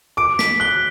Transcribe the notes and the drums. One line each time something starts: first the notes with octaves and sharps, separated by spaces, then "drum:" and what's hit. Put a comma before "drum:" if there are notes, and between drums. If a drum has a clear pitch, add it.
D6 D7
B6, drum: snare
F#6 G7